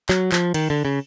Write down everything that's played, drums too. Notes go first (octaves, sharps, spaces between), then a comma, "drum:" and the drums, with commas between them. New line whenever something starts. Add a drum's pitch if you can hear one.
F#3, drum: clap
F3, drum: clap
D#3, drum: cymbal
D3
C#3